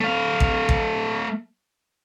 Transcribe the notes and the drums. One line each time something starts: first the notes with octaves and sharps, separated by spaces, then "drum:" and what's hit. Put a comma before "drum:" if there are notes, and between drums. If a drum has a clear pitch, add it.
A3 F5
drum: kick A1
drum: kick A1